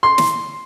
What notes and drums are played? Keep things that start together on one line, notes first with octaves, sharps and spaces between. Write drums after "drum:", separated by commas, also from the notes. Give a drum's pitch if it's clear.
C6
drum: snare